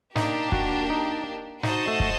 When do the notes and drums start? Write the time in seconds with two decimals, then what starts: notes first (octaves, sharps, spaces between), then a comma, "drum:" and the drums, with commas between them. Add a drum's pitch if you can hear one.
0.16 A#3 D4 D#4 G4, drum: snare
0.52 F#4, drum: kick
0.90 D#4
1.63 D#4 F#4 C5 D#5 A5, drum: snare
1.88 A3
2.00 drum: kick